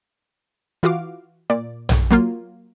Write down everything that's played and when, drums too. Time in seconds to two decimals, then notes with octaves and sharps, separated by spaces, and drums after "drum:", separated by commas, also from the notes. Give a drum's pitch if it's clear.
0.83 E3 F4 F#4 F5 D6
1.50 A#2 D5
1.89 drum: tom A#1
2.11 F#3 A#3 F4